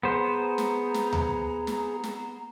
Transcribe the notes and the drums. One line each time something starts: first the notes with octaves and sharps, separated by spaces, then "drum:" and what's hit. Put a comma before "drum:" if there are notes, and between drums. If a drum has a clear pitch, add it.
B3 G#4 C5 A#5
drum: snare
drum: snare
drum: tom D2
drum: snare
drum: snare